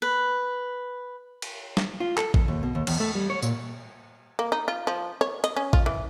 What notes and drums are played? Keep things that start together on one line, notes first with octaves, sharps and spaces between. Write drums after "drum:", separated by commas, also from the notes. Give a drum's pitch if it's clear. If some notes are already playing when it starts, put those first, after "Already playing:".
B4
drum: cymbal
drum: snare
F4
A4, drum: clap
E2, drum: kick A1
D#2
B2
D#2
E2, drum: cymbal
A3
G3
C#5
A#2, drum: tambourine
A#3
D#4
F4
F3
C#5
D#5, drum: hi-hat
C#4
F4, drum: kick A1
E3